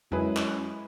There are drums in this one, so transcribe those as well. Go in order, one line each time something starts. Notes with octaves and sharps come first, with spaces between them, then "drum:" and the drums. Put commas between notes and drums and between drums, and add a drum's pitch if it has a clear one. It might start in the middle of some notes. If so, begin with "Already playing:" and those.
F#2 G#3 E4 G#4 B4, drum: tom F2
drum: clap